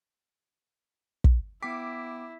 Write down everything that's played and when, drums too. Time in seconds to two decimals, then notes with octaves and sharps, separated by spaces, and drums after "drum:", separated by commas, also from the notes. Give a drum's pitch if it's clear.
1.24 drum: kick
1.63 B3 E4 G5 D6 B6